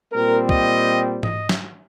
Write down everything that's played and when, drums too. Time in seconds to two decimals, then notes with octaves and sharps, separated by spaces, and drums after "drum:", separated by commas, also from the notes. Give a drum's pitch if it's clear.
0.13 A#2 G3 C4 A#4
0.49 D#5, drum: kick
1.23 D#5, drum: tom G#2
1.49 drum: snare